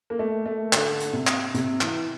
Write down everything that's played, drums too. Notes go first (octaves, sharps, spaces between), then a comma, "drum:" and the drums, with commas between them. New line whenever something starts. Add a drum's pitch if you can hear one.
A#3
A3
A3
D3, drum: clap
drum: hi-hat
C3
drum: clap
C3, drum: hi-hat
E3, drum: clap